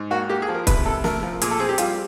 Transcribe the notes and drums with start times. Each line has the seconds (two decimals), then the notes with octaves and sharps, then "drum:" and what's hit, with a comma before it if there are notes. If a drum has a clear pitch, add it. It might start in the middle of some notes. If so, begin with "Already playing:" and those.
Already playing: G#2
0.10 A#3 F#4
0.29 A#3 G4
0.42 G#4
0.49 F3
0.54 A#4
0.67 C3 B4, drum: kick, hi-hat
0.85 C3 A4
1.04 A3 A#4, drum: snare
1.23 F3
1.42 A#2 G#4, drum: hi-hat
1.51 A4
1.60 C4 G#4
1.69 G4
1.78 G3 F4, drum: hi-hat